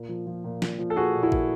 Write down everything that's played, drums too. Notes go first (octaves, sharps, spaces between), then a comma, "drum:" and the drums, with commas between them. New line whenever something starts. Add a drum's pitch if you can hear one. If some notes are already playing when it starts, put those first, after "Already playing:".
Already playing: A#2
F3
F3
A#2
A#2, drum: snare
F3
A4
A#2 F#4 G#4
A#2
E4 F#4
A#2, drum: kick A1